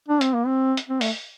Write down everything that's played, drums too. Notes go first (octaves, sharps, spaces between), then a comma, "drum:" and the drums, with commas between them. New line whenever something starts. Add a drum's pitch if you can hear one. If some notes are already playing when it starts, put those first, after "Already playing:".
D4
C4, drum: hi-hat
A#3
C4
drum: hi-hat
C4
A3, drum: open hi-hat